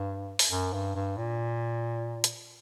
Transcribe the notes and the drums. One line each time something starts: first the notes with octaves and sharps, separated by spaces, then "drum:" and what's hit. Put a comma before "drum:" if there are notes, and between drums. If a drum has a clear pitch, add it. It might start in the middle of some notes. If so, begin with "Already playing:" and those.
Already playing: G2
drum: open hi-hat
F#2
G2
G2
A#2
drum: hi-hat